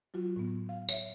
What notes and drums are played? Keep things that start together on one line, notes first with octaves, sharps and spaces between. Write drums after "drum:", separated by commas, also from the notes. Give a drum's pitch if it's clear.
F#3 F4 F#4
A2 B3
F5
C#5 E5, drum: tambourine